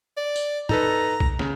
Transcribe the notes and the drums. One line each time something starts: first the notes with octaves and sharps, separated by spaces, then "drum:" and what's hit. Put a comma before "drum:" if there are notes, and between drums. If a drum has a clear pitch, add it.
D5
drum: tambourine
D#4 A4 B4 A#5, drum: tom G#2
drum: kick B1
C#3, drum: snare